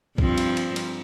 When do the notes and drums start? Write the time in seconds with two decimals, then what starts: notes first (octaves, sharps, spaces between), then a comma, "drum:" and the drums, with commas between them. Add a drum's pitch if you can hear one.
0.18 G2 F3 C4, drum: kick
0.38 drum: cymbal
0.57 drum: cymbal
0.76 drum: cymbal